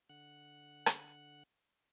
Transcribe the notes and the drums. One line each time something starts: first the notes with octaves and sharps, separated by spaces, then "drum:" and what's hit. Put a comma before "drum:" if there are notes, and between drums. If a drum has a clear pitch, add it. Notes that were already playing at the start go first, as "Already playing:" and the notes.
D3 F#5 F#6
drum: rim click